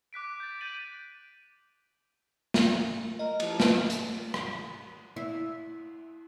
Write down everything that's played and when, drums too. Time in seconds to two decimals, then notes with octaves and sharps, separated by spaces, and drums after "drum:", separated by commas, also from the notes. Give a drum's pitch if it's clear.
0.13 D6 F#6 B6 D7
0.40 G6 A6
0.61 G6 A6 D7 D#7 F#7
2.54 drum: snare
3.19 A#4 D#5
3.40 F3 A3 E4 F4, drum: cymbal
3.60 B4, drum: snare
3.90 drum: hi-hat
4.34 drum: rim click
5.16 E4